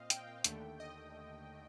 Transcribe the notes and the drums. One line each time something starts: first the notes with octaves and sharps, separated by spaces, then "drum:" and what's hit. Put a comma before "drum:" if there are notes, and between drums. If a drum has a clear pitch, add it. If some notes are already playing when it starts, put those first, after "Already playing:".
Already playing: A#2 C4 D#5 F5
G5, drum: hi-hat
D#2 D3 A3, drum: hi-hat
D#5